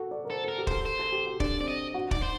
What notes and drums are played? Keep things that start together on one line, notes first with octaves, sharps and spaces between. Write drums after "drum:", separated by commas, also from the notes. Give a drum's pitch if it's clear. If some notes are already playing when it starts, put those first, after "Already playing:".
Already playing: F#4 A4
D5
A#4
A4 C5
A4 A#4
G4
A4 C5, drum: kick
C5
A4
G4
F#4
D4 D5, drum: kick
C4 D5
D#5
F#4
D#4 D5, drum: kick
C5